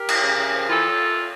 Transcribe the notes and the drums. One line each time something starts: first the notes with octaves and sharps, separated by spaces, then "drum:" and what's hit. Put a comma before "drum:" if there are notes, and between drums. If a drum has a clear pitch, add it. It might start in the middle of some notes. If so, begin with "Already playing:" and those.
Already playing: G4 A#4
F3, drum: cymbal
C#3
C#3
F3
E3 F4 A4